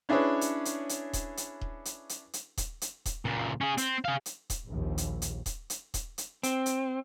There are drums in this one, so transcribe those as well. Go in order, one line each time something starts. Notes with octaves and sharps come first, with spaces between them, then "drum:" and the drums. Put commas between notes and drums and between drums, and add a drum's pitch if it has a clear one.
C#4 D4 E4 G#4 B4 C#5
drum: hi-hat
drum: hi-hat
drum: hi-hat
drum: kick D#1, hi-hat
drum: hi-hat
drum: kick D#1
drum: hi-hat
drum: hi-hat
drum: hi-hat
drum: kick D#1, hi-hat
drum: hi-hat
drum: kick D#1, hi-hat
C#2 A#2
C#4 G#4
C4, drum: hi-hat
G#4 F5
drum: hi-hat
drum: kick D#1, hi-hat
A#1 D#2
drum: hi-hat
drum: hi-hat
drum: kick D#1, hi-hat
drum: hi-hat
drum: kick D#1, hi-hat
drum: hi-hat
C4, drum: hi-hat
drum: hi-hat